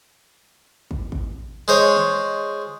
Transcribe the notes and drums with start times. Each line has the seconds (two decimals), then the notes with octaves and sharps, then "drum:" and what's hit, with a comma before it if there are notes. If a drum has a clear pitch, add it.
0.91 drum: kick
1.12 drum: kick
1.68 G#3 C5 C#5
1.97 drum: snare